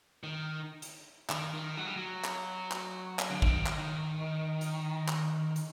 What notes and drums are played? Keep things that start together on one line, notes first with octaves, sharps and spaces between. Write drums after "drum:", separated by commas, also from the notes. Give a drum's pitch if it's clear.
D#3
drum: hi-hat
D#3, drum: clap
D#3
F#3
G3
F#3
drum: clap
drum: clap
drum: clap
D3
D#3, drum: kick
drum: clap
D#3
drum: hi-hat
drum: clap
drum: hi-hat